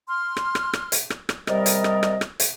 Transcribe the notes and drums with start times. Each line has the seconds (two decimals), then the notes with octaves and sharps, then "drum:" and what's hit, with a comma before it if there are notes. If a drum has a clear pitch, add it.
0.08 C6 F6
0.37 drum: rim click
0.55 drum: rim click
0.73 drum: rim click
0.92 drum: hi-hat
1.10 drum: rim click
1.29 drum: rim click
1.47 C3 G3 A#4 D5 D#5, drum: rim click
1.66 drum: hi-hat
1.84 drum: rim click
2.03 drum: rim click
2.21 drum: rim click
2.40 drum: hi-hat